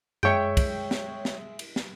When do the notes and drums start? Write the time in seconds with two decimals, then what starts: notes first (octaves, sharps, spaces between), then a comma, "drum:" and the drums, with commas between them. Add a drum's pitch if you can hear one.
0.23 G#3 C#5 E5 G5 C#7, drum: tom F#2
0.57 drum: kick, cymbal
0.91 drum: snare
1.25 drum: snare
1.59 drum: cymbal
1.76 drum: snare